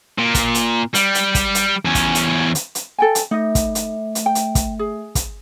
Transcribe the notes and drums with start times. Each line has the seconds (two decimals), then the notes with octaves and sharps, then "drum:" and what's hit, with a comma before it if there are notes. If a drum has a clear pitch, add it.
0.19 A#2
0.35 drum: kick, hi-hat
0.55 drum: hi-hat
0.95 G3, drum: hi-hat
1.15 drum: hi-hat
1.35 drum: kick, hi-hat
1.55 drum: hi-hat
1.85 E2 C#4
1.95 drum: kick, hi-hat
2.15 drum: hi-hat
2.55 drum: hi-hat
2.75 drum: hi-hat
2.98 A4 G5 G#5
3.15 drum: hi-hat
3.31 A3 D#4 D#5
3.55 drum: kick, hi-hat
3.75 drum: hi-hat
4.15 drum: hi-hat
4.26 G5
4.35 drum: hi-hat
4.55 drum: kick, hi-hat
4.79 G#4
5.15 drum: kick, hi-hat